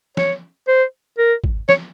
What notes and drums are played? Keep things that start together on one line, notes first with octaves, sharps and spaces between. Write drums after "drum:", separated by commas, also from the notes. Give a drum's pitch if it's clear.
C#5, drum: snare
C5
A#4
drum: kick
C#5, drum: snare